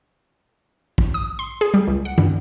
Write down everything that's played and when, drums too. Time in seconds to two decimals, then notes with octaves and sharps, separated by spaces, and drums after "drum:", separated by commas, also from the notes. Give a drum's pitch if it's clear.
0.98 drum: kick
1.14 D#6
1.39 C6
1.61 G#4
1.74 G3
1.88 C#2
2.05 F#5
2.18 G2, drum: tom